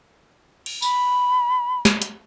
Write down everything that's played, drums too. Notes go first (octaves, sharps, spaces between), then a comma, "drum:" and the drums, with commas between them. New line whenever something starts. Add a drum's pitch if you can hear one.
drum: cymbal
B5, drum: tambourine
drum: snare
drum: hi-hat